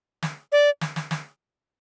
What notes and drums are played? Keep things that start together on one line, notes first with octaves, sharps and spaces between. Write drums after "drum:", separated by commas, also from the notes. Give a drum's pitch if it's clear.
drum: snare
D5
drum: snare
drum: snare
drum: snare